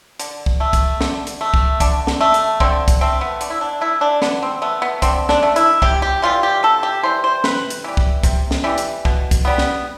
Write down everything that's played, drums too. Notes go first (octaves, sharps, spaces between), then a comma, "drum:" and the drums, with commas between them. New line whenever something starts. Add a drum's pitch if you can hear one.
D3, drum: hi-hat
drum: kick C2
A3
drum: kick C2, hi-hat
D3, drum: snare
drum: hi-hat
A3
drum: kick C2
D3 D4, drum: kick C2, hi-hat
drum: snare
A3
drum: hi-hat
D3 C4, drum: kick C2
drum: kick C2, hi-hat
A3 C4
B3
D3, drum: hi-hat
E4
D4
A3 E4
D4
D3 B3, drum: snare
C4
A3 B3
B3
D3 C4, drum: kick C2, hi-hat
D4, drum: snare
A3
E4, drum: hi-hat
C3 G4, drum: kick C2
G4
E3 G3 F4
G4
C3 A4
G4
E3 G3 C5
C5
C3 B4, drum: snare
drum: hi-hat
E3 G3
drum: kick C2
C3, drum: kick C2, hi-hat
drum: snare
E3 G3
drum: hi-hat
B2, drum: kick C2
drum: kick C2, hi-hat
G3 B3
drum: snare